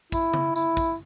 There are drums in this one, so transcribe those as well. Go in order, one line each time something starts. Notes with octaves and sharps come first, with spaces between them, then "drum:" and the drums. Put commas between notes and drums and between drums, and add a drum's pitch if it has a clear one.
E4, drum: kick, tambourine
drum: tom C#3
E4, drum: tambourine
drum: kick, tambourine